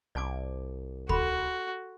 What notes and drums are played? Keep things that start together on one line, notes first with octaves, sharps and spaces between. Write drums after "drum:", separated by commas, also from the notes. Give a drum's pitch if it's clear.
C2 D5 A5 D6
F#4 A4 B5 C6, drum: kick